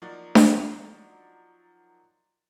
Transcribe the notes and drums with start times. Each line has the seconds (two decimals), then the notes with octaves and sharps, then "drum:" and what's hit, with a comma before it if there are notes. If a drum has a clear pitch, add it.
0.02 F3 F#3 A#3 D#4 F#4 D5
0.35 drum: snare D4